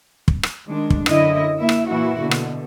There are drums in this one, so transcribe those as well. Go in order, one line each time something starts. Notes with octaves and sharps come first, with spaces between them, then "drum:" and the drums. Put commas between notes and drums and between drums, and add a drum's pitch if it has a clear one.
drum: kick
drum: rim click
D#3 G#3 D4
drum: kick
F#2 D3 E4 D#5, drum: rim click
A#3 E4 E5
drum: rim click
A#2 E3 A#3 E4 F#4
B2 D3
drum: rim click